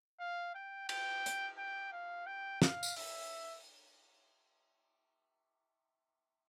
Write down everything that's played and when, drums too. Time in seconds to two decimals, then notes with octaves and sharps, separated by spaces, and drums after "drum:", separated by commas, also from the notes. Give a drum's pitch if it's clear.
0.20 F5
0.55 G5
0.89 G5, drum: cymbal
1.26 drum: hi-hat
1.58 G5
1.92 F5
2.27 G5
2.62 F5, drum: snare
2.83 drum: tambourine
2.96 E5, drum: open hi-hat